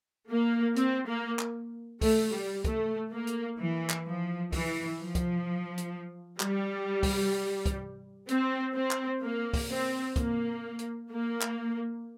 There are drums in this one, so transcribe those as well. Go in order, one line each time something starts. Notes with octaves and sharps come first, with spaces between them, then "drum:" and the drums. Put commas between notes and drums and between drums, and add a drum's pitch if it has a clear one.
A#3
C4, drum: hi-hat
A#3
drum: clap
A3, drum: kick, open hi-hat
G3
A3, drum: kick, hi-hat
A#3
drum: hi-hat
E3
drum: clap
F3
E3, drum: kick, open hi-hat
F3
drum: kick, hi-hat
drum: hi-hat
G3, drum: clap
drum: kick, open hi-hat
drum: kick, hi-hat
C4, drum: hi-hat
C4
drum: clap
A#3
drum: kick, open hi-hat
C4
A#3, drum: kick, hi-hat
drum: hi-hat
A#3
drum: clap